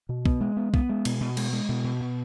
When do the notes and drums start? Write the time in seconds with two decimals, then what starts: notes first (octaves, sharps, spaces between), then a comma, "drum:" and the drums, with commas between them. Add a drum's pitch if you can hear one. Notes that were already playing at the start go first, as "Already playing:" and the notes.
0.09 B2
0.26 B3, drum: kick B1
0.41 G#3
0.57 B3
0.74 B3, drum: kick B1
0.89 G#3
1.05 B2, drum: cymbal
1.20 B2
1.37 G#3, drum: cymbal
1.53 G#3
1.69 B2
1.84 B2
2.00 B2